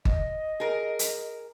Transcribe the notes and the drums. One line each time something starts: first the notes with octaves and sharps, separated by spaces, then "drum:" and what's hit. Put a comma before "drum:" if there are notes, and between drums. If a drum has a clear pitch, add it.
D#5, drum: kick G1
G#4 A#4
drum: hi-hat